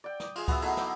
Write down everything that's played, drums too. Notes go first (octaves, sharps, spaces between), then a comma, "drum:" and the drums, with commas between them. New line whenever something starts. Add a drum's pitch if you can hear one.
D5 G5
D6 D#6, drum: snare
F4 G#4, drum: cymbal
B3 F#4 E5, drum: kick C#2, cymbal
A3 B3 D#4 E4, drum: cymbal
G5 D6, drum: snare